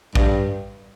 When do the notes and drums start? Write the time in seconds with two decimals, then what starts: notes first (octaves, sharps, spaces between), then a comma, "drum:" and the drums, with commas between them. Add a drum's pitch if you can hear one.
0.15 G2, drum: kick